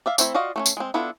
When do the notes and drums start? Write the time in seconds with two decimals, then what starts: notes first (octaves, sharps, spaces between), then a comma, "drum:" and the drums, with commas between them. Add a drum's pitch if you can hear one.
0.06 D5 E5 F5
0.18 A3 C4 E4 C5 E5, drum: tambourine
0.34 F4 F#4 D5 D#5 F5
0.56 A3 C4 C#4
0.66 drum: tambourine
0.77 G#3 C4
0.94 B3 D4 E4 F4 A4